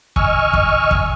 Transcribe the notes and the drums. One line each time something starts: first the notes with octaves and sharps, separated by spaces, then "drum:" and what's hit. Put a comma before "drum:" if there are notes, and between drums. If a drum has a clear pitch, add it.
D#5 G#5 C#6 E6 F6, drum: kick
drum: kick
drum: kick